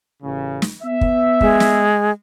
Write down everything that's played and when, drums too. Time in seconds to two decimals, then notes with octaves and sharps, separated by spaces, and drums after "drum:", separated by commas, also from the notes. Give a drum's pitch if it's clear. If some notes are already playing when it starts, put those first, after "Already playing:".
0.23 A1 C#3
0.62 drum: snare
0.83 B3 E5
1.01 drum: kick
1.41 G#3, drum: kick
1.60 drum: snare